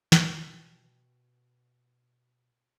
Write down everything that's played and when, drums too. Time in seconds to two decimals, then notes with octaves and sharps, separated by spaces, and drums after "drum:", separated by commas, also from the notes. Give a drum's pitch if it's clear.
0.12 B2 G4, drum: snare